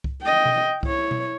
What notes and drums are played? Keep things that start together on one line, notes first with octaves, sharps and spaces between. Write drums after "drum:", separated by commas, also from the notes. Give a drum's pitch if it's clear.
drum: kick C2
D#5 G5
drum: tom B2
E4 C#5, drum: kick C2
drum: tom B2